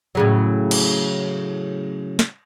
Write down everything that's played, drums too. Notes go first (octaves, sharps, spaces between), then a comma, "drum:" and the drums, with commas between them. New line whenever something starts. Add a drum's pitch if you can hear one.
A2 C#3 F#3
drum: cymbal
drum: snare